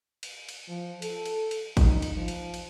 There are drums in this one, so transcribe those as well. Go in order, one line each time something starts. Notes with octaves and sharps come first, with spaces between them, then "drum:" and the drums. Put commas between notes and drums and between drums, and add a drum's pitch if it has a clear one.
drum: cymbal
drum: cymbal
F3
A4, drum: cymbal
drum: cymbal
drum: cymbal
D#4, drum: kick, cymbal
drum: cymbal
F3
drum: cymbal
drum: cymbal